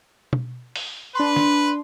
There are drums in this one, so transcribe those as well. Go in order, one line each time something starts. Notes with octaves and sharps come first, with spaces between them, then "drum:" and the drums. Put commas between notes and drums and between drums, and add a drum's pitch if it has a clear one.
drum: tom
drum: open hi-hat
D4 B4 C6
drum: snare